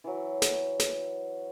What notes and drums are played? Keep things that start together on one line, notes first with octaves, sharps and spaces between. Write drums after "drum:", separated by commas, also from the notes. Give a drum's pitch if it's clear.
E3 F#3
drum: snare
drum: snare